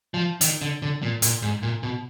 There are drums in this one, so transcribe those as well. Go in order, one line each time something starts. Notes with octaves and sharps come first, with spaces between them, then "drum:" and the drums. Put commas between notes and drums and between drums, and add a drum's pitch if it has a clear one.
F3
D#3, drum: hi-hat
D3
D3
A#2
A#2, drum: hi-hat
G#2
A#2
B2